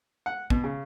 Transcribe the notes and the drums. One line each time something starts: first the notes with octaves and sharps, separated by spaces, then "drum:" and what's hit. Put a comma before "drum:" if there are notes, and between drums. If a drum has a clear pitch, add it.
F#5
B2, drum: kick
C#3